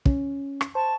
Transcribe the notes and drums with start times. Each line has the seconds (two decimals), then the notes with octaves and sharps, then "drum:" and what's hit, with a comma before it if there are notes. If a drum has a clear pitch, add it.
0.06 C#4, drum: kick
0.61 drum: rim click
0.75 C5 A5 C#6